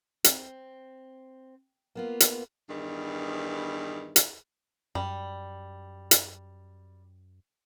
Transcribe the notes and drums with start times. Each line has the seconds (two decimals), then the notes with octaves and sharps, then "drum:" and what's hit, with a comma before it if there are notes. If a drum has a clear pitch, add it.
0.24 C4, drum: hi-hat
1.95 A#3 B3 F4
2.20 drum: hi-hat
2.69 E2 G2 D#3
4.16 drum: hi-hat
4.95 F#2 G3
6.11 drum: hi-hat